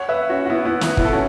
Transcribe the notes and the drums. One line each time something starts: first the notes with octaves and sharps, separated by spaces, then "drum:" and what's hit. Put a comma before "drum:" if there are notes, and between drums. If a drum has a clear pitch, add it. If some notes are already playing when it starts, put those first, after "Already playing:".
Already playing: C#5 F#5
B4 E5
C#4 F#4
F#4
B3 E4
B3 E4
B3, drum: snare
B3 E4, drum: kick
A4
C#4 F#4